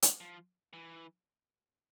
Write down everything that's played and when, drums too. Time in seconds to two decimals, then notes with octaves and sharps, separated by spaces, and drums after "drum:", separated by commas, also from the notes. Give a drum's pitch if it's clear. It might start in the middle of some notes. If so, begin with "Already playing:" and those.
0.02 drum: hi-hat
0.20 F3
0.73 E3